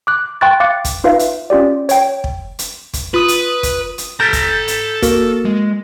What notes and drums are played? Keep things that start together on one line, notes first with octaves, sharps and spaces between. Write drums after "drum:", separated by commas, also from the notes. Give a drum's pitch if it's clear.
D6 F#6
G5 C6 C#6 F#6 A6
F5 D6 F#6 A6 C#7
drum: kick, hi-hat
D#4 F4 B4 E5 F5
drum: hi-hat
C#4 F4 G4 D5
C#5 G5, drum: hi-hat
drum: kick
drum: hi-hat
drum: kick, hi-hat
F4 B4 D#6 D#7
drum: hi-hat
drum: kick, hi-hat
drum: hi-hat
A4 A#5 G6 A6 B6
drum: kick, hi-hat
drum: hi-hat
A#3 F#4 A#4, drum: kick, hi-hat
G#3